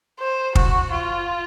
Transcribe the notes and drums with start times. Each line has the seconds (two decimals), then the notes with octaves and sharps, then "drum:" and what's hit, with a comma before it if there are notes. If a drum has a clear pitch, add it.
0.20 C5
0.55 F#4, drum: kick
0.91 F4